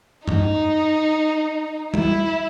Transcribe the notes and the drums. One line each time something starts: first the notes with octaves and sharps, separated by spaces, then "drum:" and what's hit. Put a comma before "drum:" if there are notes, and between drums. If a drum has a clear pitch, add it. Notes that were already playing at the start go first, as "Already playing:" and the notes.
D#4, drum: tom G2
E4, drum: tom G3